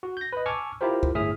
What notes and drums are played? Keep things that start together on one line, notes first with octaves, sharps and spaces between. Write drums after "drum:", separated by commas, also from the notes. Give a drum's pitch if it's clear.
F#4
G6 A#6
B4 D#5
G#5 A5 C#6 D6 E6 F6
E4 F4 G4 A#4 C5
drum: kick B1
G1 A2 G#4 E5 D#6 F6